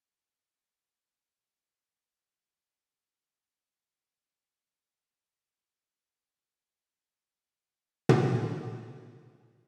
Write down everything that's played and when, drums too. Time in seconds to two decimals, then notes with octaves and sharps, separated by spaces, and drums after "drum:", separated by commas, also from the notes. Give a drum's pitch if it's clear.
0.19 C#5
0.33 A4
0.49 G#4
1.10 A4
1.25 B4
1.70 C#5
1.85 B4
2.01 A4
2.16 F#4
2.31 G#4
2.47 B4
2.62 B4
2.72 G#4
2.82 A4
3.53 G#4
3.68 B4
4.13 B4
4.28 C#5
4.44 D5
4.59 D5
4.74 F#4
4.90 G#4
5.05 A4
5.20 G#4
5.35 F#4
5.51 G#4
5.81 G#4
8.09 drum: tom